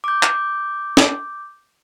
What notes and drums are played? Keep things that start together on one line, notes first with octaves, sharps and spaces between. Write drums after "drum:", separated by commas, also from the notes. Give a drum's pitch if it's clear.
D6 G6
drum: clap
drum: snare